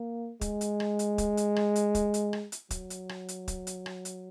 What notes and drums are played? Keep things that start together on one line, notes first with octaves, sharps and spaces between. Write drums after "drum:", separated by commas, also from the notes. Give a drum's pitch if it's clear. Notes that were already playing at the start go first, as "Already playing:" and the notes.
Already playing: A#3
G#3, drum: kick, hi-hat
drum: hi-hat
drum: rim click
drum: hi-hat
drum: kick, hi-hat
drum: hi-hat
drum: rim click
drum: hi-hat
drum: kick, hi-hat
drum: hi-hat
drum: rim click
drum: hi-hat
F#3, drum: kick, hi-hat
drum: hi-hat
drum: rim click
drum: hi-hat
drum: kick, hi-hat
drum: hi-hat
drum: rim click
drum: hi-hat